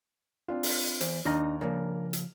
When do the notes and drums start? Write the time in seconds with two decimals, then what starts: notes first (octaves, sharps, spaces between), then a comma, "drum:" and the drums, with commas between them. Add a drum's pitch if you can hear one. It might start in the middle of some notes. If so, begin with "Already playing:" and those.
0.48 C4 D4 F4
0.63 drum: open hi-hat
1.01 E2 C5, drum: hi-hat
1.25 D#2 D4 D#5 A#5 F6
1.61 C#3 F3 A#3 D4 A#4
2.13 drum: hi-hat